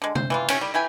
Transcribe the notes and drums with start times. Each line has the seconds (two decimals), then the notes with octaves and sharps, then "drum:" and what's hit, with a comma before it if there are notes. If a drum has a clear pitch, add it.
0.02 D3 G#3
0.15 C5, drum: tom C3
0.30 E3 G3 F4
0.48 C3 C#4, drum: cymbal
0.61 G3
0.74 E3 E4 G5 G#5